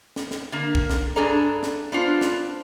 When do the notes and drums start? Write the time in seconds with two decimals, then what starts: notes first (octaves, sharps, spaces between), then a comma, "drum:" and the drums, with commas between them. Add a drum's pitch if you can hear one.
0.16 drum: snare
0.31 drum: snare
0.52 D3 A#3
0.75 drum: kick
0.90 drum: snare
1.16 G2 D4 G#4 A4 D5 A#5
1.63 drum: snare
1.92 B3 D4 F4 C5
2.21 drum: snare